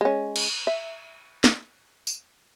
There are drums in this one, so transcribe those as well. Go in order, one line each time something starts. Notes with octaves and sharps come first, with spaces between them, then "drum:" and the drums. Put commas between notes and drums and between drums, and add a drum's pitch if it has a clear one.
G#3 C#4
drum: cymbal
E5
drum: snare
drum: tambourine